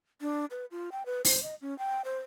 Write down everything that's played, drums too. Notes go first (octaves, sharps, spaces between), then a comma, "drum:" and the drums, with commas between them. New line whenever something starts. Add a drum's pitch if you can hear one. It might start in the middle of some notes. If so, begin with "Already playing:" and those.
D4
B4
F4
G5
B4
C5, drum: open hi-hat
D#5
C#4
G5
C5